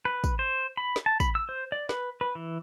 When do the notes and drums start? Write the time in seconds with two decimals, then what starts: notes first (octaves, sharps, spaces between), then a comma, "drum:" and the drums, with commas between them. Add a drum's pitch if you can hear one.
0.05 B4
0.24 drum: kick, tambourine
0.39 C5
0.77 B5
0.96 drum: snare
1.06 A5
1.20 B5, drum: kick, tambourine
1.35 E6
1.49 C5
1.72 D5
1.89 B4, drum: snare
2.21 B4
2.35 E3